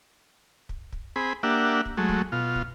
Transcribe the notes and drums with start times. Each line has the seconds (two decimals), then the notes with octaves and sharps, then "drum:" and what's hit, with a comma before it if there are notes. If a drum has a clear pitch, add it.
0.69 drum: kick
0.93 drum: kick
1.16 C4 G#4 B5
1.43 A#3 D4 G4 E5 F#5
1.86 drum: kick
1.97 F#3 G#3 A3
2.09 drum: kick
2.32 B2 F4
2.55 drum: kick